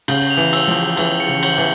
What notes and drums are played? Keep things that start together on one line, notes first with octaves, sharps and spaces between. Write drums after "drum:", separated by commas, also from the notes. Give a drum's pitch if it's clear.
C#3 G6, drum: cymbal
F7
E3
E6, drum: cymbal
F3
E6
E3 F7, drum: cymbal
C#7
C#3
G6, drum: cymbal
E3